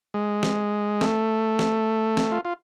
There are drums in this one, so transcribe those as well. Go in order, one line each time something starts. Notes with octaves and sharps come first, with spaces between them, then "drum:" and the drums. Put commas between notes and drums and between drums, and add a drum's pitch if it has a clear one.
G#3
drum: snare
A3, drum: snare
drum: snare
drum: snare
F4
F4